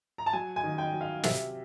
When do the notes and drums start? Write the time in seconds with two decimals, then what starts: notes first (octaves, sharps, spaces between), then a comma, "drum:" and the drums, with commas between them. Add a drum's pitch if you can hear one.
0.18 A#5
0.26 A5
0.33 F#3 G#5
0.56 G#5
0.63 D#3
0.78 G5
0.94 F#3
1.01 F5
1.23 C3 E5, drum: snare